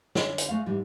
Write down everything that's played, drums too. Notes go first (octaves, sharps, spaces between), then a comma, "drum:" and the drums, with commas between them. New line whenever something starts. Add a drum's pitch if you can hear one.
D3 C#4, drum: snare
drum: hi-hat
G#3 A3 E5 F5
G#2 E3 G3